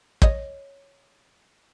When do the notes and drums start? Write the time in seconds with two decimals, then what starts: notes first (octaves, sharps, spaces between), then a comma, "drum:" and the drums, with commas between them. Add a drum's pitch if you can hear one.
0.22 C#5 D#5, drum: kick